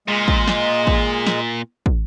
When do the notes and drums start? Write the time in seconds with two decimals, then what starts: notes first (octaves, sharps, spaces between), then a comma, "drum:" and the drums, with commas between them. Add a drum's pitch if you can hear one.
0.08 A#2 G#3
0.28 drum: kick
0.48 drum: snare
0.87 drum: kick
1.27 drum: snare
1.86 drum: kick